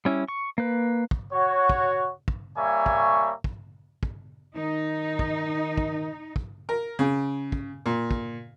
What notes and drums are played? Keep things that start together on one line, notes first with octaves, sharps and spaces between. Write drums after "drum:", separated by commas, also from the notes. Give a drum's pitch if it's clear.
G3 C#4 E4
C#6
A#3 B4
drum: kick
F#4 C#5
drum: kick
drum: kick
G3 A#3 C#5 E5 G#5 C#6
drum: kick
drum: kick
drum: kick
D#3 D#4
drum: kick
drum: kick
drum: kick
A#4
C#3
drum: kick
A#2
drum: kick